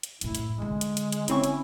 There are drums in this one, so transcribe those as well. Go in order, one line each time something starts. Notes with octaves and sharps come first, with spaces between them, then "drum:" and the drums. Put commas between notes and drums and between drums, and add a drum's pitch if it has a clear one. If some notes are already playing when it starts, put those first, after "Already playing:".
drum: hi-hat
F#2 A2 E4, drum: hi-hat
drum: hi-hat
D3 D#3 G#3
drum: hi-hat
drum: hi-hat
drum: hi-hat
G1 C4 C#4 E4 C#6, drum: hi-hat
drum: hi-hat